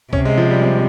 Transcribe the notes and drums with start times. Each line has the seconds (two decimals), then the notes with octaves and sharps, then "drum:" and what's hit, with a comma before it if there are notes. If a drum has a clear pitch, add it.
0.13 C3 C#4, drum: kick C#2
0.25 G#3
0.38 F3
0.51 G3
0.64 G3